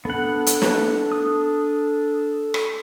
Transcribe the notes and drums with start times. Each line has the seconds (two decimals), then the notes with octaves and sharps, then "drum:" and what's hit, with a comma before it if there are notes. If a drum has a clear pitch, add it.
0.05 B3 D4 A4 F#5
0.46 drum: hi-hat
0.62 drum: snare
1.12 D#6
2.54 drum: rim click